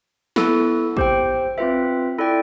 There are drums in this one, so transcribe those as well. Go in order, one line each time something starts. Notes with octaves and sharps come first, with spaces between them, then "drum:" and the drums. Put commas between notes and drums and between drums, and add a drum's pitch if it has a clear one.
B3 E4 A4, drum: snare
G4 C5 G5, drum: kick
C4 F4 B4 E5
E4 A4 D5 G5